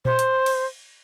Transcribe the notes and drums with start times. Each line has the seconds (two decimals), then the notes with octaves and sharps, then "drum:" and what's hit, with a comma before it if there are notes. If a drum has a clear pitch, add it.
0.05 C5, drum: tom A#2
0.19 drum: hi-hat
0.46 drum: cymbal